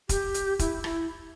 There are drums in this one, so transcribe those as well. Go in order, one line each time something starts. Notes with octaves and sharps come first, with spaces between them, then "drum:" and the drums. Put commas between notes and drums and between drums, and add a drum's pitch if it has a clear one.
G4, drum: kick E1, hi-hat
drum: hi-hat
E4, drum: kick E1, hi-hat
E4, drum: rim click